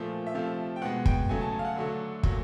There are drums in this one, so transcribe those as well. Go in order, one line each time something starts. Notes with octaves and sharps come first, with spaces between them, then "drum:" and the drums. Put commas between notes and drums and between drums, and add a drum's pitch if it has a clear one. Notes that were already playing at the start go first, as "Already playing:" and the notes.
Already playing: A#2 F3 A3
E5
C3 F3 A3 F5
G5
B2 G#3 F#5
G5, drum: kick
C#3 F#3 A3 G#5
A5
G#5
F5
F#5
D3 F#3 A3
A#2 F#3 A3, drum: kick